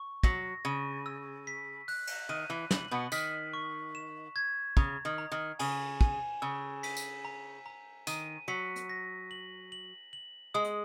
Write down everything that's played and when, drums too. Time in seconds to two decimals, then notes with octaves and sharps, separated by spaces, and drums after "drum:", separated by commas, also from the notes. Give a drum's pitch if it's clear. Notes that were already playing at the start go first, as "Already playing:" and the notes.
Already playing: C#6
0.24 F#3 A#6, drum: kick
0.65 C#3 D#7
1.06 E6
1.47 B6
1.88 F#6, drum: open hi-hat
2.07 drum: cymbal
2.29 D#3 D#7
2.50 E3
2.71 E3 F#7, drum: snare
2.91 B2 B3
3.12 D#3 B6, drum: tambourine
3.54 C#6
3.95 E7
4.36 G#6
4.77 C#3 A#5, drum: kick
5.05 D#3
5.18 A#5
5.32 D#3
5.59 C#3 G#5, drum: cymbal
6.01 G#5, drum: kick
6.42 C#3 E6
6.83 B6, drum: cymbal
6.97 drum: tambourine
7.25 A#5
7.66 A#5
8.07 D#3 D#7, drum: tambourine
8.48 F#3 B6
8.76 drum: hi-hat
8.89 A#6
9.31 F#7
9.72 F#7
10.13 F#7
10.54 G#3 D#6
10.64 drum: hi-hat